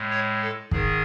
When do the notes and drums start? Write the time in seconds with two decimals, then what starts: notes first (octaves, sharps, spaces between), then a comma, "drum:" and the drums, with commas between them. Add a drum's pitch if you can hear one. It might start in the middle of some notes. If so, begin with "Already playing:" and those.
Already playing: A2 G#3
0.10 C#5
0.42 A4
0.71 G#2 D#3 G#4, drum: kick